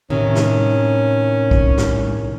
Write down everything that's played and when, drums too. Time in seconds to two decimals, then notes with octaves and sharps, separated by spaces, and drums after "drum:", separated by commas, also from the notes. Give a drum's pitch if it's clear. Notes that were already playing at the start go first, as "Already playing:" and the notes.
0.10 A2 C3 D#3 C#4
0.35 drum: snare
1.51 drum: kick
1.78 drum: snare